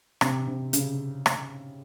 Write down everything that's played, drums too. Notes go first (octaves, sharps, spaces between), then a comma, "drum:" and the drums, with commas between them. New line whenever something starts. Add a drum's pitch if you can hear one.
C3, drum: rim click
C3
C#3, drum: hi-hat
drum: rim click